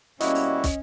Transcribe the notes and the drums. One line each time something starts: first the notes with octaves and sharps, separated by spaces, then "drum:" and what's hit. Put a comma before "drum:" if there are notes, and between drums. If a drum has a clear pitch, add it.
B2 G3 A#3 C#4 E4 F#4 D#5, drum: hi-hat
drum: open hi-hat
drum: kick, hi-hat